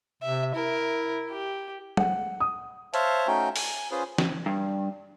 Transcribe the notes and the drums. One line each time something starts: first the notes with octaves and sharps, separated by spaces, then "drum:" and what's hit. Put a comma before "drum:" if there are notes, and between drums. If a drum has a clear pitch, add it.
C3 E5
E4 A#4
G4
F#5, drum: tom
D#6
C5 C#5 E5 F5 A5, drum: hi-hat
A3 C#4 D#4 F#4 G5
G#5, drum: open hi-hat
C#4 F4 G#4 B4 C5
drum: snare
G2